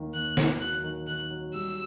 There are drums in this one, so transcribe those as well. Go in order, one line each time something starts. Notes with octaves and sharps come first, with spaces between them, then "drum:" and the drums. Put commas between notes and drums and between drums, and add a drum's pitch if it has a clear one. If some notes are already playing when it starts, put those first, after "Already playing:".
Already playing: D#2 D#3
D#2 F#6
D#3, drum: snare
F#3 F#6
D#3
D#3 F#6
F#3
G3 E6